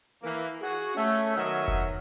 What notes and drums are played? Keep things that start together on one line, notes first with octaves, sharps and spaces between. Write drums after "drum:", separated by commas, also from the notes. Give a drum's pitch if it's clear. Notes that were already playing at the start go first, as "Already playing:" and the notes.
E3 A#3
F#4 G#4
A3 C#4
D#3 F#3 B3 C#5 D#5 E5
drum: kick F1